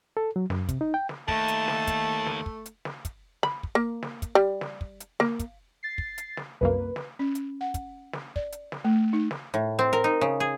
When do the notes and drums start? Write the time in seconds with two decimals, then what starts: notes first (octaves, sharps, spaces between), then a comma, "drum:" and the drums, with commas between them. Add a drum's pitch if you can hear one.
0.17 A4
0.36 F#3
0.50 F#2, drum: snare
0.69 C3, drum: kick, hi-hat
0.81 D#4
0.94 G5
1.09 drum: snare
1.28 D#2 A3 A5, drum: kick
1.48 drum: hi-hat
1.68 drum: snare
1.87 drum: kick, hi-hat
2.26 drum: snare
2.46 drum: kick
2.66 drum: hi-hat
2.85 drum: snare
3.05 drum: kick, hi-hat
3.43 B5, drum: snare
3.63 drum: kick
3.75 A#3
4.03 drum: snare
4.22 drum: kick, hi-hat
4.35 G3
4.61 drum: snare
4.81 drum: kick
5.00 drum: hi-hat
5.20 A#3, drum: snare
5.39 drum: kick, hi-hat
5.83 A6 C7
5.98 drum: kick
6.18 drum: hi-hat
6.37 drum: snare
6.61 C2 F#2 A#3 B4
6.96 drum: snare
7.19 C#4
7.35 drum: hi-hat
7.61 F#5
7.74 drum: kick, hi-hat
8.13 drum: snare
8.36 D5, drum: kick
8.52 drum: hi-hat
8.72 drum: snare
8.85 A3
9.13 D#4
9.31 drum: snare
9.54 A2
9.79 C4
9.93 A#4
10.04 D#4
10.21 C#3
10.40 G#4